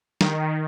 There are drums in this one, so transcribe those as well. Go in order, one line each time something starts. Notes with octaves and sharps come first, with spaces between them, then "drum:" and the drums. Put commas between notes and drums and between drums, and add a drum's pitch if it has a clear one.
D#3, drum: snare